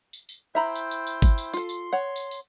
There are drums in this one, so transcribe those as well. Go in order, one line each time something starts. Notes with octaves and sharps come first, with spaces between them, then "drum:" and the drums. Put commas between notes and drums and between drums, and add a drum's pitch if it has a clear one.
drum: tambourine
drum: tambourine
E4 C5 E5 G5 A#5 B5
drum: tambourine
drum: tambourine
drum: tambourine
drum: kick, tambourine
drum: tambourine
F4 A4 C6, drum: tambourine
drum: tambourine
C#5 F#5
drum: tambourine
drum: tambourine